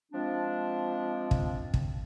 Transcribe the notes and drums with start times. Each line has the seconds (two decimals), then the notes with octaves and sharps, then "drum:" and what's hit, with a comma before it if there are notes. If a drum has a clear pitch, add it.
0.12 F3 G#3 C4 D4
1.31 drum: kick
1.74 drum: kick